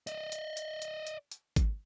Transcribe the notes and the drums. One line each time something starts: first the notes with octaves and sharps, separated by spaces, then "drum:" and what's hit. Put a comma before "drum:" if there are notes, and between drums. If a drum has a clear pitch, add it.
D5 D#5, drum: hi-hat
drum: hi-hat
drum: hi-hat
drum: hi-hat
drum: hi-hat
drum: hi-hat
drum: kick G#1, hi-hat